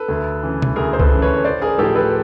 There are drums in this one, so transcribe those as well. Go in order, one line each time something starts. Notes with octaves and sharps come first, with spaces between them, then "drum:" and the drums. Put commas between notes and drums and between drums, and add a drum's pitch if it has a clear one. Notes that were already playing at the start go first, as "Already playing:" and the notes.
Already playing: A4 B4
D2
C#3 E3
drum: tom B2
D2 G#4 A#4
C5
A4 B4, drum: kick C2
C#3 E3
B4 C#5
C#5
A1 C5 D5
G#4 A#4
A2 F3 G4 A4
A4 B4